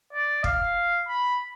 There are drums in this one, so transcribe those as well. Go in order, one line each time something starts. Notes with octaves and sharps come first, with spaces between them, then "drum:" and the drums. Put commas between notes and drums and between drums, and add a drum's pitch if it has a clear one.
D5
F5, drum: kick
B5